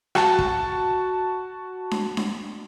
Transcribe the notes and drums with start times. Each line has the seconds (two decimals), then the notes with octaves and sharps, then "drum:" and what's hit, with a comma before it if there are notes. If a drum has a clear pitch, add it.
0.15 F#4 A5, drum: rim click
0.39 drum: kick
1.91 drum: snare D4
2.17 drum: snare D4